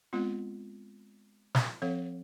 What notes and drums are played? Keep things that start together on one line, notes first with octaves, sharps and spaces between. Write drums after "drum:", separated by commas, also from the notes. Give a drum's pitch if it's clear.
G#3 B3 C4 F4
drum: snare
F3 C4 A4 C#5 F5